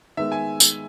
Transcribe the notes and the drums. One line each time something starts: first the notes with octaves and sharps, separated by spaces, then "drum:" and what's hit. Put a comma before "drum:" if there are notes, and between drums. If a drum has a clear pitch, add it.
D#3 G#3 B3 E5
G#5
drum: tambourine